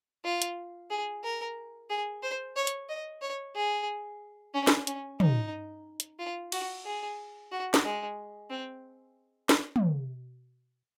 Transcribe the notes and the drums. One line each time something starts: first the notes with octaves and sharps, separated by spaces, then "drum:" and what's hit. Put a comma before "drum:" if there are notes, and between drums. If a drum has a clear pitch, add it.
F4
drum: hi-hat
G#4
A#4
G#4
C5
C#5
drum: hi-hat
D#5
C#5
G#4
C#4
drum: snare
C#4, drum: hi-hat
D#4, drum: tom
drum: hi-hat
F4
F#4, drum: cymbal
G#4
F#4
drum: snare
G#3
C4
drum: snare
drum: tom